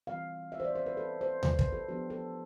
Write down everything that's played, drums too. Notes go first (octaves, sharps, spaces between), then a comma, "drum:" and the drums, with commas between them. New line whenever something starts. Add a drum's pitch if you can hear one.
E3 G3 C4 F5
E5
C5
D5
C5
B4
A4
C5
C5, drum: tom D#2
B4, drum: kick
A4
F3 B3 D4 G4
A4